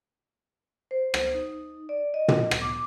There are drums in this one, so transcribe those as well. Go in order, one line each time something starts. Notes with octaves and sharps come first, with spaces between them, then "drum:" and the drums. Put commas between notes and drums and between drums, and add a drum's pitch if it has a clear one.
C5
drum: rim click
D#4
D5
D#5
drum: tom
drum: rim click
D6